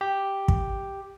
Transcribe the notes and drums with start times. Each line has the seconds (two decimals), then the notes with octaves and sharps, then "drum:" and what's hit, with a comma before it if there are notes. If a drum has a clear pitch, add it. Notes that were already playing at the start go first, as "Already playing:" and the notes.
0.01 G4
0.48 drum: kick